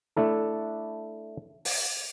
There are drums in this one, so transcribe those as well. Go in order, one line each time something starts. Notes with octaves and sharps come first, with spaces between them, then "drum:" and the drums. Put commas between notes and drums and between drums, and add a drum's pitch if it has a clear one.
A3 D4 E4 A4
drum: open hi-hat